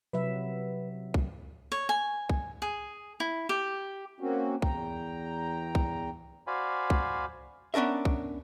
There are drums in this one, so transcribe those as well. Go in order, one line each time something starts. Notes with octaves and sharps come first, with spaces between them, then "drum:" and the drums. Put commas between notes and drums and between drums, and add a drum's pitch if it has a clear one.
C3 F#3 B4 E5
drum: kick
C#5
G#5
drum: kick
G#4
E4
G4
A#3 C4 C#4 F#4
E2 G5 A#5, drum: kick
drum: kick
F#4 C5 D5 F5 G#5 B5
drum: kick
B3 C#4 D4 A#4 E5
drum: kick